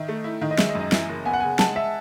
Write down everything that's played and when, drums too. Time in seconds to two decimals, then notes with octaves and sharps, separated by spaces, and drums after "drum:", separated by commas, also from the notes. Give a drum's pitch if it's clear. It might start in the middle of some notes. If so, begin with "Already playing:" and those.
Already playing: D#3 E5
0.09 A3
0.24 E4
0.41 D#3
0.51 D#5
0.58 G#3 E5, drum: snare
0.69 D#5
0.75 F#2
0.80 D#5
0.92 E3 E5, drum: snare
1.09 F#1
1.25 B3 G#5
1.33 F#5
1.40 C#3 G#5
1.59 G#3 A5, drum: snare
1.76 E5